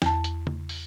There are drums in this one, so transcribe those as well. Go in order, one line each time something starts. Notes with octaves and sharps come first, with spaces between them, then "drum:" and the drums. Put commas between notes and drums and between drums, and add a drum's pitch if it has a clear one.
E2 A5, drum: snare
drum: hi-hat
drum: tom
drum: open hi-hat